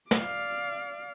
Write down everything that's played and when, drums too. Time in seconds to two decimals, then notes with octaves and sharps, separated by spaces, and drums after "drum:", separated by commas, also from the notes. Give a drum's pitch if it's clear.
0.11 D5 F5, drum: snare